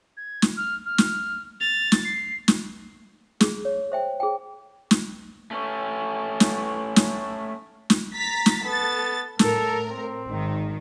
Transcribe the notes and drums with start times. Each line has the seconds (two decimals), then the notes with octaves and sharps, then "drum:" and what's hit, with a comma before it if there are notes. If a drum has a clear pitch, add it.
0.17 G#6
0.42 drum: snare
0.57 F6
0.86 F6
0.98 drum: snare
1.61 A6 F7
1.92 drum: snare
2.05 C7
2.48 drum: snare
3.41 G#4, drum: snare
3.65 C#5
3.92 C5 E5 G5
4.20 G#4 G5
4.91 drum: snare
5.51 A3 C#4
6.40 drum: snare
6.96 drum: snare
7.90 drum: snare
8.14 A#5 A6 B6
8.46 drum: snare
8.65 B3 A4 A6
9.39 A2 A4 A#4, drum: snare
9.90 C4
10.26 G#1 D#3